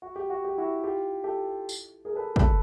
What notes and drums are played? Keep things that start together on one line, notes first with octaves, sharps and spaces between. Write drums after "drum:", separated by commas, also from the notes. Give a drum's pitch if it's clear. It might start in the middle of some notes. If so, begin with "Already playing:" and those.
F#4
G4
F#4
G4
E4 F#4
F4 G4
G4 A4
drum: tambourine
G#4 A#4
A4 B4
A4 B4, drum: kick